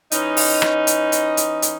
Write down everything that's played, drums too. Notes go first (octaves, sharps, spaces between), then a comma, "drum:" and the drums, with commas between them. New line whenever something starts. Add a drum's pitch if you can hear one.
E3 C#4 D#4, drum: hi-hat
drum: open hi-hat
drum: rim click
drum: hi-hat
drum: hi-hat
drum: hi-hat
drum: hi-hat